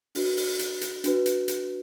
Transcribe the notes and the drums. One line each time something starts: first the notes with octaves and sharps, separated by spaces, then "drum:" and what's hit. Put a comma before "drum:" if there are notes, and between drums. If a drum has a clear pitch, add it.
D4 F#4 B4, drum: open hi-hat
drum: open hi-hat
drum: hi-hat
drum: hi-hat
D4 F#4 B4, drum: hi-hat
drum: hi-hat
drum: hi-hat